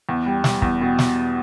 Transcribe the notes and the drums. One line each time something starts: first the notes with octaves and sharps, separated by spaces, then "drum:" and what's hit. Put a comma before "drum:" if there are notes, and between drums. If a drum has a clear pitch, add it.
E2
G3
G3, drum: snare
E2, drum: kick
B2
drum: snare